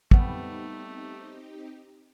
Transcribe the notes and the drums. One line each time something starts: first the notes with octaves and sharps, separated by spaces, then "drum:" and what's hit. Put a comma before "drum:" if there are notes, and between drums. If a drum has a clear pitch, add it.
G3 A3 B3 C4 D#4 G4, drum: kick